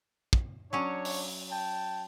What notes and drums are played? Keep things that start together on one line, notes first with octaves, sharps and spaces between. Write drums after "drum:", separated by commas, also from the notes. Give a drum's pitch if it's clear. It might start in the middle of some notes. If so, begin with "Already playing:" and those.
drum: kick
F#3 C#4 D4 C#5
drum: open hi-hat
G5 A5